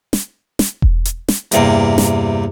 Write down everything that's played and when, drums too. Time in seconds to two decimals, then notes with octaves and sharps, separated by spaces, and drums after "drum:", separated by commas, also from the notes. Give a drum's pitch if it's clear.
0.13 drum: snare
0.59 drum: snare
0.82 drum: kick E1
1.05 drum: hi-hat
1.29 drum: snare
1.52 E2 G2 C3 A#3, drum: hi-hat
1.98 drum: snare